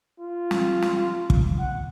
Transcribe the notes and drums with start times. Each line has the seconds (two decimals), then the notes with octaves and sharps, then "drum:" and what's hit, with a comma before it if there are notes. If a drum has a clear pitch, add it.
0.19 F4
0.51 drum: snare
0.82 drum: snare
1.30 drum: kick
1.58 F#5